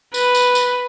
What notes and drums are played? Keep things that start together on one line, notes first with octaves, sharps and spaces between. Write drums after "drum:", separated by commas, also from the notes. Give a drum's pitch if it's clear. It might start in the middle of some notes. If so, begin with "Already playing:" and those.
B4, drum: tambourine
drum: tambourine
drum: tambourine